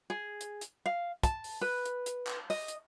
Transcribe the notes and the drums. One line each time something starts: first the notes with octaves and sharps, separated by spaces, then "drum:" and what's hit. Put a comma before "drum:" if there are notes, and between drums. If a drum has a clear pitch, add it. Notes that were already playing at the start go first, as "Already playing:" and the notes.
G#4
drum: hi-hat
drum: hi-hat
F5
A5, drum: kick, hi-hat
drum: open hi-hat
B4
drum: hi-hat
drum: hi-hat
drum: clap
D#5, drum: open hi-hat
drum: hi-hat